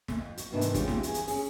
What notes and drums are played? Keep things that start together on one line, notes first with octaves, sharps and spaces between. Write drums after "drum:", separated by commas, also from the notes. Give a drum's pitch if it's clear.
drum: snare
F2
F#4, drum: hi-hat
G#2 C3 D#3 E3 B3 D4
drum: hi-hat
G3 G#3 C#4 D#4 F4 G4, drum: kick, hi-hat
drum: snare
E2 G#4, drum: hi-hat
drum: hi-hat
C#4 G#4, drum: open hi-hat